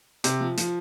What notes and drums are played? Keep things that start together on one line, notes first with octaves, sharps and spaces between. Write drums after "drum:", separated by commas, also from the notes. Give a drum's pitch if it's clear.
C3, drum: hi-hat
F3
F3, drum: hi-hat